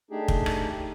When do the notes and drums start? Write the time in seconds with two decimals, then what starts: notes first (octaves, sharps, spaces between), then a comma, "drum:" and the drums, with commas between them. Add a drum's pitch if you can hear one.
0.11 A3 D4 D#4 G4 G#4
0.28 drum: kick
0.46 drum: rim click